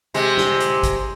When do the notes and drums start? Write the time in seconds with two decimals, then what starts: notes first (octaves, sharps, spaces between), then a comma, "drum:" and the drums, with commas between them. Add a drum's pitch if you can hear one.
0.14 C3 G#3, drum: hi-hat
0.37 drum: snare
0.60 drum: hi-hat
0.83 drum: kick, hi-hat